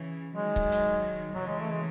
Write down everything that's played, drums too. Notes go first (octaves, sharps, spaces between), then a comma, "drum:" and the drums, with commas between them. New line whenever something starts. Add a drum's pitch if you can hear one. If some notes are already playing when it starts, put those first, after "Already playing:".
Already playing: C#3 E3
D#3 F#3 G#3
drum: kick C#1
drum: hi-hat
C#3 E3 F#3
G#3
A3
G#3